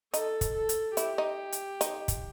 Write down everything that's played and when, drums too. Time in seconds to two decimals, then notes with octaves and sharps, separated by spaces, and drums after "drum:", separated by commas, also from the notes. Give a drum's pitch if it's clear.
0.14 D#4 A4, drum: hi-hat
0.41 drum: kick, hi-hat
0.55 A4
0.69 drum: hi-hat
0.97 E4 G4, drum: hi-hat
1.18 D#4
1.52 drum: hi-hat
1.81 D#4, drum: hi-hat
2.08 drum: kick, hi-hat